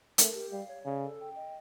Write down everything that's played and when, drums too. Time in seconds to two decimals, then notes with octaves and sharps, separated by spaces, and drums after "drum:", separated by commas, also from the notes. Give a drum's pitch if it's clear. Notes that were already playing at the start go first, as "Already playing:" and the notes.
0.18 A3 A#4, drum: hi-hat
0.35 G4
0.52 G3 F5
0.69 C#5
0.85 C#3 D5
1.03 A4
1.19 G5
1.36 D#5